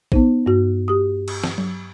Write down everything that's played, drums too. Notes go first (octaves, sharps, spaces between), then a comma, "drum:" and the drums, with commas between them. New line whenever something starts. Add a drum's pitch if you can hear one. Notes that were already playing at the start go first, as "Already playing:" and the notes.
B3 D#4 C5, drum: kick
G2 F#4
G4 D#6
drum: cymbal
drum: snare
drum: tom F#3